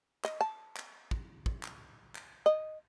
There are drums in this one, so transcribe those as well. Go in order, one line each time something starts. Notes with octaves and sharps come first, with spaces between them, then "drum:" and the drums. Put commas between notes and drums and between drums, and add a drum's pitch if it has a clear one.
D#5, drum: clap
A5
drum: clap
drum: kick
drum: kick
drum: clap
drum: clap
D#5